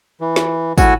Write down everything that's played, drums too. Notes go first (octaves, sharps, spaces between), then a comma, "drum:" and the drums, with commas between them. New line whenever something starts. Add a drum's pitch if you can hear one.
E3
drum: snare
A2 F#4 F#5 G#5 E6, drum: kick, tambourine